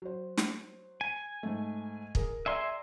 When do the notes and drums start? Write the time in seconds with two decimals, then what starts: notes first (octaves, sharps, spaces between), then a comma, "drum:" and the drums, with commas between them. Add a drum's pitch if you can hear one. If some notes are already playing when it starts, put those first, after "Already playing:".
0.02 F#3 C5
0.37 drum: snare
1.01 G#5
1.43 G#2 A3
2.15 G#4 A#4, drum: kick
2.46 D5 E5 G#5 A#5 C6